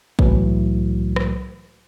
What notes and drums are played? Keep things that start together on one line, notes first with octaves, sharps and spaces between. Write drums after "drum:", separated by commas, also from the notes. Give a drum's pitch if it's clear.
C2 A2 E3 F#3, drum: kick
drum: rim click